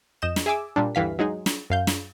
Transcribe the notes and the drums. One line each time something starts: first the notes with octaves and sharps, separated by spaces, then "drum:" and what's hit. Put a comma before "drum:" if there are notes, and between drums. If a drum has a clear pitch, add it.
F2 D#5 G6 E7
drum: snare
G#4 E5 G#5 D6 E6
A#2 G3 D4
D2 G2 E3 F5 B6
F#3 G#3 D#4 G#4
drum: snare
F#2 F5 G6
drum: snare